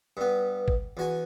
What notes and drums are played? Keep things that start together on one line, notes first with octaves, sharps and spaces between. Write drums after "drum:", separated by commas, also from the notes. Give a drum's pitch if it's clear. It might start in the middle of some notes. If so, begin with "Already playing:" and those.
G2 B3
drum: kick
E2 F#4 G#5